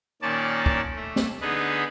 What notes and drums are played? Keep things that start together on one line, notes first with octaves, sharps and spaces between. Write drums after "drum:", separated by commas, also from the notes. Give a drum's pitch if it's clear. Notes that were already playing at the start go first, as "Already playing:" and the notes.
A#2 D#3 A#3 C#4 D5 A5
drum: kick
A3
drum: snare
D3 B3 D#4 G#4 B4